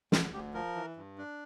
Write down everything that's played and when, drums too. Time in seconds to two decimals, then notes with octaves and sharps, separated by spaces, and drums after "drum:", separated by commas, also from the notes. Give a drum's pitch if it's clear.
0.12 D2, drum: snare
0.33 D2 G4
0.54 F3 A#4
0.75 E3
0.97 G2
1.18 D4